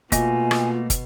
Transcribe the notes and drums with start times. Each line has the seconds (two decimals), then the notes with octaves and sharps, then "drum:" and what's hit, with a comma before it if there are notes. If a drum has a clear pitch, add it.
0.12 B2 A3 A#3 F4 D#5 G#5, drum: kick, hi-hat
0.51 drum: rim click
0.90 drum: kick, hi-hat